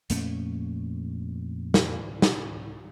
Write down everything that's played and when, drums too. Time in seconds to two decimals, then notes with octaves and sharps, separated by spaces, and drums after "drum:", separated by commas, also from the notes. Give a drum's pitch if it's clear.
0.10 F2 A#2 A3 C#4, drum: hi-hat
1.74 drum: snare
2.22 drum: snare